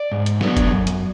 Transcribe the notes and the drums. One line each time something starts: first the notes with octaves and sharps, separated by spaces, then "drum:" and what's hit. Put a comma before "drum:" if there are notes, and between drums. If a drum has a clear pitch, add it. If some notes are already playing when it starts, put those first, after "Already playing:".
Already playing: D5
G#2
drum: hi-hat
F#3 B3 D4, drum: snare
drum: kick F1, hi-hat
F#2
drum: hi-hat